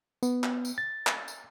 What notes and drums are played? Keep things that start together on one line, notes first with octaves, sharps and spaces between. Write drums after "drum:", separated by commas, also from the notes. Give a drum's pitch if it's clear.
B3, drum: tambourine
drum: clap
drum: tambourine
A6
drum: clap
drum: tambourine